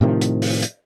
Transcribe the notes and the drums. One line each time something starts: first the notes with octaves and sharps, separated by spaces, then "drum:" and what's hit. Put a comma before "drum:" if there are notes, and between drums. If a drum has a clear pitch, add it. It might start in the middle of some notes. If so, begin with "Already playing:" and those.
A2 C3 D#3 F3
drum: hi-hat
drum: open hi-hat
drum: hi-hat